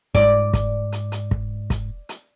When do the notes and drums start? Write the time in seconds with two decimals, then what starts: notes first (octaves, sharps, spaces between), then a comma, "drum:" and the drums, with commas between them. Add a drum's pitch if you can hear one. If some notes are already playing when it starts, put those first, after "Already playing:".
0.15 G#2 D5, drum: kick, hi-hat
0.53 drum: kick, hi-hat
0.92 drum: hi-hat
1.12 drum: hi-hat
1.31 drum: kick
1.70 drum: kick, hi-hat
2.09 drum: hi-hat